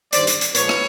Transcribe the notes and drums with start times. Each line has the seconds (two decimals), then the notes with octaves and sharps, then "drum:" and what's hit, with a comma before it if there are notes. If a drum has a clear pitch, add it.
0.13 G2 D#3 G3 C5 D5, drum: hi-hat
0.27 drum: hi-hat
0.41 drum: hi-hat
0.55 A#2 F3 G#3 B4 C#5, drum: hi-hat
0.69 drum: rim click